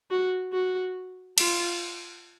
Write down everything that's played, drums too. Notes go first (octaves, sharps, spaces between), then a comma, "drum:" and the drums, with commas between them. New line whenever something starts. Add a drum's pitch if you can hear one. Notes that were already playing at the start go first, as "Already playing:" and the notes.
F#4
F#4
F4, drum: cymbal